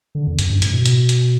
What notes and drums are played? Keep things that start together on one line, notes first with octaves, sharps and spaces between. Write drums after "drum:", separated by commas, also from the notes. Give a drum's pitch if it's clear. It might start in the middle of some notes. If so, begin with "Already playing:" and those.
D3
E2
F#2, drum: hi-hat
G2
A2, drum: hi-hat
B2
drum: hi-hat
drum: hi-hat